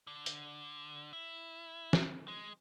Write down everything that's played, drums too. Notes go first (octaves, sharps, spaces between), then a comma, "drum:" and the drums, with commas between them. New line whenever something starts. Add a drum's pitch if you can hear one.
D3
drum: hi-hat
E4
drum: snare
G#3